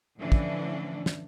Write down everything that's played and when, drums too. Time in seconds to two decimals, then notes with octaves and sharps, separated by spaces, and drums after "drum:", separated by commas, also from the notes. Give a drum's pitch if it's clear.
0.20 A2 D3 E3 F3 C#4 D4
0.32 drum: kick
1.06 drum: snare